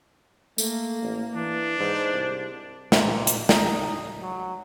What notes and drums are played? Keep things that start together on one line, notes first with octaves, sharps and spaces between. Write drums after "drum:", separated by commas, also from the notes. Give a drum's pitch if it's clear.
A3 A#3, drum: tambourine
A1
E3 D4
G#2 C5
C2
A#2, drum: snare
drum: hi-hat
D#4, drum: snare
F#3